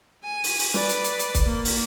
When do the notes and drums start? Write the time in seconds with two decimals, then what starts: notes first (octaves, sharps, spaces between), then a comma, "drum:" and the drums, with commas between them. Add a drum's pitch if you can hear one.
0.24 G#5
0.44 drum: open hi-hat
0.59 drum: open hi-hat
0.74 B4 D5, drum: snare
0.89 drum: hi-hat
1.04 drum: hi-hat
1.19 drum: hi-hat
1.35 drum: kick, hi-hat
1.45 A#3
1.65 drum: open hi-hat